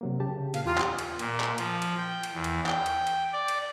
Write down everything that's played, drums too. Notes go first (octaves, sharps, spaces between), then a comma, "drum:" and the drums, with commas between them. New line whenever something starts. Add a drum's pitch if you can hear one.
C3 F#3 A#3
C#3 G4 A5
A#2 F5, drum: cymbal
E2 F4 G4 A#5
drum: clap
drum: cymbal
A#2, drum: cymbal
drum: clap
F3, drum: cymbal
drum: cymbal
G5
drum: cymbal
E2
drum: cymbal
G5, drum: clap
drum: cymbal
drum: cymbal
D5
drum: cymbal